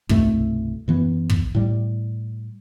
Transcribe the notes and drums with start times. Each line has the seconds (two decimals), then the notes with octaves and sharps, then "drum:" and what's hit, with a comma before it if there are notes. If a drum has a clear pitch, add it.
0.09 C2 G2 B2 A3, drum: kick
0.88 F#2 E3 B3
1.30 drum: kick
1.55 A2 G3